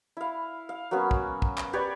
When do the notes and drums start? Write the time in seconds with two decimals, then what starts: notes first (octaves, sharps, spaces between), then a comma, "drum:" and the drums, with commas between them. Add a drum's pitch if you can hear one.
0.17 E4 F5
0.69 F5
0.91 F#3 A#3 B3 C#4
1.11 drum: kick
1.42 drum: kick
1.58 drum: clap
1.73 G4 B4 C#5 D5